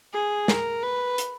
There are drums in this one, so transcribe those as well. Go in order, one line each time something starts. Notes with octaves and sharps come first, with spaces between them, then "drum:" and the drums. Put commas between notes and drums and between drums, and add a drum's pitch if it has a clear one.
G#4
A#4, drum: snare
B4
drum: hi-hat